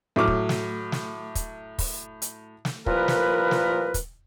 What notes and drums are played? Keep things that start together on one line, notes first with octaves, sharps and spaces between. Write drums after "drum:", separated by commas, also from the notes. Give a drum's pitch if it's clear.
A2 F#3 D6 F6
drum: kick
drum: snare
drum: snare
drum: kick, hi-hat
drum: kick, open hi-hat
drum: hi-hat
drum: snare
C2 A#2 F3 A#4 B4, drum: kick
drum: snare
drum: snare
drum: kick, hi-hat